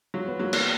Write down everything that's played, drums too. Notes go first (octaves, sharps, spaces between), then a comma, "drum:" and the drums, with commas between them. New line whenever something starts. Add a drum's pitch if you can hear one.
F#3 F4
B3
F#3 A#3
A#3, drum: cymbal